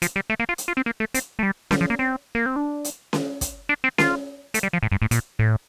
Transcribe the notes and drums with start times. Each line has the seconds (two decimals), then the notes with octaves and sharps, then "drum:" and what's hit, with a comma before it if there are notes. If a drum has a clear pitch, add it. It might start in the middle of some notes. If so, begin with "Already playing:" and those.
0.02 F3, drum: hi-hat
0.16 G3
0.30 A3
0.39 A#3
0.49 F4
0.58 drum: hi-hat
0.68 F4
0.77 C4
0.86 A#3
1.00 A3
1.14 C4, drum: hi-hat
1.39 A3
1.43 G3
1.71 G3, drum: snare C#4
1.81 F3
1.90 A#3
1.99 C4
2.35 A#3
2.46 C4
2.56 D4
2.85 drum: hi-hat
3.13 drum: snare C#4
3.41 drum: kick, hi-hat
3.69 D4
3.84 C4
3.98 F4, drum: snare C#4
4.54 A3, drum: hi-hat
4.63 G3
4.73 F3
4.83 A2
4.92 G2
5.02 A2
5.11 A#2, drum: hi-hat
5.39 A2